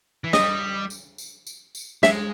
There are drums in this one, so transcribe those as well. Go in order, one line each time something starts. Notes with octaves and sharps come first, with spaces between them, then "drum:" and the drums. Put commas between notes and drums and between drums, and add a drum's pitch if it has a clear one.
E3
G3 D#5, drum: snare
drum: tambourine
drum: tambourine
drum: tambourine
drum: tambourine
G#3 E5, drum: snare